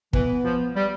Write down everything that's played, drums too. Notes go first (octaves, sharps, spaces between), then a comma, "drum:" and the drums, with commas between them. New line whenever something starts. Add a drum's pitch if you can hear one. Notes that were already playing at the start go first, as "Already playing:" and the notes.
E3 B3, drum: kick
F3
G3